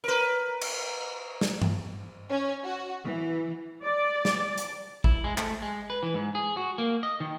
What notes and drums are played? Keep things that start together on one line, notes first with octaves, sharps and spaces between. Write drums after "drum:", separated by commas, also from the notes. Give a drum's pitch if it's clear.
A#4 B4
drum: cymbal
drum: snare
drum: tom G2
C#4
F#4
E3
D5
drum: snare
drum: hi-hat
E4, drum: kick A1
G#3
A3, drum: clap
G#3
B4
E3
G#2
G#4
F#4
A#3
D#5
D#3